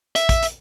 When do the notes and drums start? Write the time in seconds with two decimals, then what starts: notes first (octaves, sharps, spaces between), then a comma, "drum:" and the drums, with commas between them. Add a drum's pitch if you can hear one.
0.16 E5, drum: hi-hat
0.29 drum: kick, hi-hat
0.43 drum: hi-hat